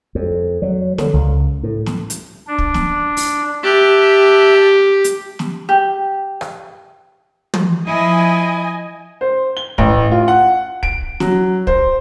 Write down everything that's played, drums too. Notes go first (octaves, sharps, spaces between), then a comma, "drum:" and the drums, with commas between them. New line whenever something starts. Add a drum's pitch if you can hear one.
F2
F#3
D3, drum: snare
C#2
A2
drum: snare
drum: hi-hat
D4
drum: kick
drum: snare
drum: open hi-hat
G4 E5 A5 F#6
drum: hi-hat
drum: snare
G4
drum: rim click
drum: tom
F3 E4 D#5 G#5
C5
G7
A1, drum: kick
F4
F#5
D7, drum: kick
F#3, drum: snare
C5, drum: kick